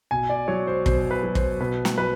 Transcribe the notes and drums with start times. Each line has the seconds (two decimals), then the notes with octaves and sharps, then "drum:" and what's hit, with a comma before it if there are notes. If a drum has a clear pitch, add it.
0.11 B2 G#5
0.30 D5
0.48 F#3 C#5
0.67 C5
0.86 B2 C5, drum: kick
1.11 B4
1.23 F#3
1.35 C5, drum: kick
1.60 B2 B4
1.85 drum: snare
1.98 F#3 B4